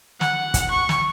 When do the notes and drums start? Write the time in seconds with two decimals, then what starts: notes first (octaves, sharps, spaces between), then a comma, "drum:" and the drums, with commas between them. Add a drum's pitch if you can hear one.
0.21 F#5, drum: snare
0.54 drum: kick, hi-hat
0.71 C#6
0.89 drum: snare